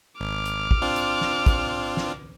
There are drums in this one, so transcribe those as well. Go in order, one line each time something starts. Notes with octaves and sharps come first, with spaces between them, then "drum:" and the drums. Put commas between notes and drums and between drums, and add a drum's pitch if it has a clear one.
G#1 D6 F6
drum: hi-hat
drum: kick
C4 D4 F4
drum: hi-hat
drum: snare
drum: kick, hi-hat
drum: snare